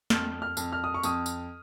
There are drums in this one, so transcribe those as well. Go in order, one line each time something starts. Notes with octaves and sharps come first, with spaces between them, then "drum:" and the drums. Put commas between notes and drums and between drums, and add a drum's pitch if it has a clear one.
F2 F6, drum: snare
F6
F2, drum: tambourine
F6
D#6
C#6
F2 D#6, drum: tambourine
drum: tambourine